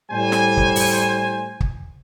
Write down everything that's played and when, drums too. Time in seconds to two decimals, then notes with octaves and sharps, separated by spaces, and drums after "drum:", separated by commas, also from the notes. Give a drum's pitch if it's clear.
0.12 A2 G3 C5 G#5
0.32 drum: snare
0.57 drum: kick
0.76 drum: open hi-hat
1.60 drum: kick